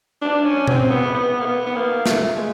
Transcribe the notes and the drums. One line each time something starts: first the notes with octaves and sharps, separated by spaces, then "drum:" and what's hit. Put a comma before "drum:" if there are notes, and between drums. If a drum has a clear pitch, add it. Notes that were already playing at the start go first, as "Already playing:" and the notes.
D4
C#4
C4, drum: tom B2
B3
B3
A#3
B3
B3
A#3
A3, drum: snare
G#3